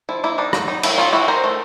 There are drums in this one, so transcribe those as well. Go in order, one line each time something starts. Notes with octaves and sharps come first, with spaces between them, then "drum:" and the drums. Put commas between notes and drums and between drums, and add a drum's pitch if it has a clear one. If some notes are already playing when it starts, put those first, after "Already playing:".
F3 E4
A#3 E4
D4 D#4
F#3, drum: rim click
F#3 D#4
A3 E4, drum: cymbal
C#4 D#4 F4
E3 E4 F#4
E3 A#4 C5
A3